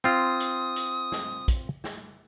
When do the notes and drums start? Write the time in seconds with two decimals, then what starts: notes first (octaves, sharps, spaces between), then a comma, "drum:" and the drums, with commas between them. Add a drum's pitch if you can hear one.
0.04 C4 F4 D#6
0.40 drum: hi-hat
0.76 drum: hi-hat
1.12 drum: snare
1.48 drum: kick, hi-hat
1.84 drum: snare